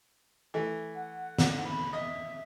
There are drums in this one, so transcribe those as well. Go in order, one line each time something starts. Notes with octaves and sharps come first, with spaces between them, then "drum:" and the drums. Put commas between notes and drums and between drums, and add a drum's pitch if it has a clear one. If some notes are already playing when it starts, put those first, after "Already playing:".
E3 A3
F#5
drum: snare
B5
D#5 E5